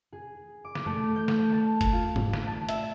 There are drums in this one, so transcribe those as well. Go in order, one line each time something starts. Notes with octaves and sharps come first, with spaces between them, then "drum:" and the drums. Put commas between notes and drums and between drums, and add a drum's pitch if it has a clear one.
G#4
D6
drum: snare
A3
G6
drum: snare
A5
drum: kick F#1, hi-hat
F4
drum: tom
drum: snare
A5
E5, drum: hi-hat